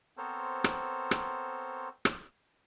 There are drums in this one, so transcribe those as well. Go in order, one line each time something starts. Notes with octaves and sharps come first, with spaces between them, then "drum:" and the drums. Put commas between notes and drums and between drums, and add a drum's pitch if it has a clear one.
B3 C4 A4 A#4 C5 C#5
drum: rim click
drum: rim click
drum: rim click